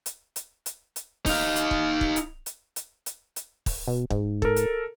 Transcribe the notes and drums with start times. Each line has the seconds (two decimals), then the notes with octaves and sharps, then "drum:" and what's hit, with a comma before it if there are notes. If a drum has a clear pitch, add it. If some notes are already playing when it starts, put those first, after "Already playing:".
0.06 drum: hi-hat
0.36 drum: hi-hat
0.66 drum: hi-hat
0.96 drum: hi-hat
1.26 D#4 F5, drum: kick, open hi-hat
1.56 drum: hi-hat
1.71 drum: kick
2.01 drum: kick
2.16 drum: hi-hat
2.46 drum: hi-hat
2.76 drum: hi-hat
3.06 drum: hi-hat
3.36 drum: hi-hat
3.66 drum: kick, open hi-hat
3.88 B2
4.10 G#2, drum: kick
4.42 A4 A#4, drum: kick
4.56 drum: hi-hat